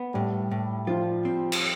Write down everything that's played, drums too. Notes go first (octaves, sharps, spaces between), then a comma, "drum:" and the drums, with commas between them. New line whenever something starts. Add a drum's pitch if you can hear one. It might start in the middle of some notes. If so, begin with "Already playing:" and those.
Already playing: B3
A2 G3
A2
F3 F4
C4
drum: cymbal